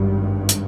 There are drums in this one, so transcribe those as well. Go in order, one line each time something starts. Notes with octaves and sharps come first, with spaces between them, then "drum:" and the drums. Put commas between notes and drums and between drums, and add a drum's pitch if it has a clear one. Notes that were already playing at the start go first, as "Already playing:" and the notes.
Already playing: G#1 G2 G3
drum: hi-hat